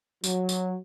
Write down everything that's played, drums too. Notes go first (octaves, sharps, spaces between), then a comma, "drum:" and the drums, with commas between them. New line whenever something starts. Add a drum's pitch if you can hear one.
F#3, drum: tambourine
drum: tambourine